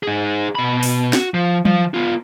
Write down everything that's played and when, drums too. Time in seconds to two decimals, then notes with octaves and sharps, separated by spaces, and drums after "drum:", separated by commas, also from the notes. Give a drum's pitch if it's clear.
0.03 D#4 G#4
0.55 B2 B5
0.83 drum: open hi-hat
1.13 F#4, drum: snare
1.34 F3
1.65 F3, drum: tom F#3
1.94 B3 F4